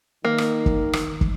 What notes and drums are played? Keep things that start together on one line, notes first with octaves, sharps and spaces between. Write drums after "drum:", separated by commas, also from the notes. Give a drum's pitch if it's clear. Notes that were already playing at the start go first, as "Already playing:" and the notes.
D#3 A#3
drum: rim click
drum: kick
drum: rim click
drum: kick